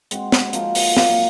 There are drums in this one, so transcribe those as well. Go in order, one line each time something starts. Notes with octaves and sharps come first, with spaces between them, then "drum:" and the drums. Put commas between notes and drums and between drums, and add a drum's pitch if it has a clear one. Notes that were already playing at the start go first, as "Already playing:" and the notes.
G#3 C4 F#4, drum: hi-hat
drum: snare
F3 A#3 D#4 F#4, drum: hi-hat
drum: open hi-hat
A#2 F#3 A#3 D#4, drum: snare